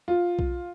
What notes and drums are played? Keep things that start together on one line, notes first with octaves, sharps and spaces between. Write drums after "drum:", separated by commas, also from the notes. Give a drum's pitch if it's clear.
F4
drum: kick B1